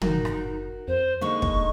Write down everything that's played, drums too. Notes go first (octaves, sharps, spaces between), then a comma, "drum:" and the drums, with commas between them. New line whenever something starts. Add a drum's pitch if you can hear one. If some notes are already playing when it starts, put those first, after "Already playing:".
F#1 D#4 F#4 A#4, drum: tom
drum: rim click
F2 C5
D3 G#3 A#3 D#4 C#6
drum: kick